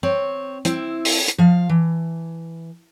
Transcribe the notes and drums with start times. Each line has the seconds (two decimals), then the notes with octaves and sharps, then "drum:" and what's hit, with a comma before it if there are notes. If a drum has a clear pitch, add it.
0.03 C4 C#5
0.65 C4 E4, drum: hi-hat
1.05 drum: open hi-hat
1.28 drum: hi-hat
1.38 F3 F5
1.69 E3